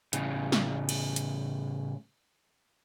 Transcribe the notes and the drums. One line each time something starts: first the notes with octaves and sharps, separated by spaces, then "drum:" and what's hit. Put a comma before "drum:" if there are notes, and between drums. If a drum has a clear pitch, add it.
A2 C#3 G3, drum: hi-hat
drum: snare
drum: cymbal
drum: hi-hat